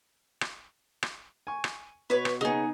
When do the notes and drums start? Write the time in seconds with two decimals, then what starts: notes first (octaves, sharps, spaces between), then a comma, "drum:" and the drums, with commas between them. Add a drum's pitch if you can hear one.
0.41 drum: rim click
1.03 drum: rim click
1.47 G#5 C#6
1.64 drum: rim click
2.10 B2 B4 C#5
2.25 drum: rim click
2.41 C#3 B3 D#4 G#4